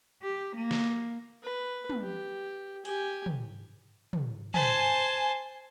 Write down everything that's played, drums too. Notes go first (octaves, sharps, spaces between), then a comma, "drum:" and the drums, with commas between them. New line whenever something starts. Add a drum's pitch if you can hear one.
G4
A#3
drum: snare
B4
drum: tom
G4
G4 G#5, drum: open hi-hat
drum: tom
drum: tom
C5 G#5 A5, drum: tom